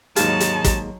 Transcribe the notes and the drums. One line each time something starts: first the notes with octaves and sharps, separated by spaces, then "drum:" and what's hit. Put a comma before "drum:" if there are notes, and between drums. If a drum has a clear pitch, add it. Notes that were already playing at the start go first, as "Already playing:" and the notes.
D#2 G#2 F#3 G#3 D#4 F5 A5, drum: hi-hat
drum: hi-hat
drum: kick, hi-hat